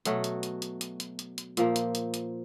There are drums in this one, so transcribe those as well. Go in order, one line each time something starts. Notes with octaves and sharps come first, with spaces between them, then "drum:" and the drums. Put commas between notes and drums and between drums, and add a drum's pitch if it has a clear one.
B2 F#3 A3, drum: hi-hat
drum: hi-hat
drum: hi-hat
drum: hi-hat
drum: hi-hat
drum: hi-hat
drum: hi-hat
drum: hi-hat
A#2 F3 A#3, drum: hi-hat
drum: hi-hat
drum: hi-hat
drum: hi-hat